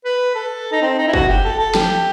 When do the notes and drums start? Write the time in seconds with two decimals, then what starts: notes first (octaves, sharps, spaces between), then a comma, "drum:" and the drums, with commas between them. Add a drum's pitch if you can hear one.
0.05 B4
0.35 A4
0.72 D#4
0.81 C4
0.98 D#4
1.08 E4
1.13 F#4, drum: kick
1.28 G4
1.44 A4
1.59 A4
1.75 G4, drum: snare